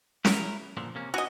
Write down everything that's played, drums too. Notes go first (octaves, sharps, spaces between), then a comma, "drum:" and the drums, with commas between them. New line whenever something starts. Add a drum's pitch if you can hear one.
E4 A#4, drum: snare C#4
A#2 D3 F3
C3 A#3 C#4
C#4 F#4 D#5 G#5